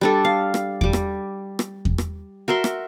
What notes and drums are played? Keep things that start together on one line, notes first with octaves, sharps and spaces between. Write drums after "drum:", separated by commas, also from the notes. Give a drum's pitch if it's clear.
G3 D4 A4
F5
drum: rim click
G3 D6, drum: kick E2
drum: rim click
drum: rim click
drum: kick E2
drum: rim click
F#4 A#4 E5 C6
drum: rim click